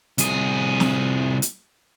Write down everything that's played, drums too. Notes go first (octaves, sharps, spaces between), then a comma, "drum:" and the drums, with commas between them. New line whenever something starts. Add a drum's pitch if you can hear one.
C2 G#4, drum: hi-hat
drum: snare
drum: hi-hat